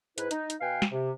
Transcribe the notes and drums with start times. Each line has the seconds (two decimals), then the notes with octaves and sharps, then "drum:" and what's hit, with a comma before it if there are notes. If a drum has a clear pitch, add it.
0.18 G#2 E4 B4, drum: hi-hat
0.31 D#4, drum: hi-hat
0.50 drum: hi-hat
0.61 B2 B4 F5 G5 G#5
0.82 drum: snare
0.91 C3